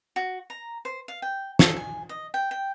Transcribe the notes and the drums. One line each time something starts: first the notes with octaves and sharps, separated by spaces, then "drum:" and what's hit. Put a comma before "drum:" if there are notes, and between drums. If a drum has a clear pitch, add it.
F#4
A#5
C5
F5
G5
A4, drum: snare
G#5
D#5
G5
G5